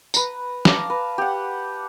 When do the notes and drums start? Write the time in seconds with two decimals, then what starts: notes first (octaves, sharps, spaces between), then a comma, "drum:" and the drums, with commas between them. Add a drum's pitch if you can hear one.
0.14 B4 A#5, drum: tambourine
0.65 F5 A5 A#5 D6, drum: snare
0.90 B4
1.18 G4 F#5